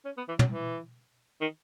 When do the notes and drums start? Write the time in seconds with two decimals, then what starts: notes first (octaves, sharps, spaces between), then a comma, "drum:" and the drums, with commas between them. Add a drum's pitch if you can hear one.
0.06 C#4
0.17 B3
0.28 E3
0.39 F#3, drum: tom
0.51 E3
1.41 D#3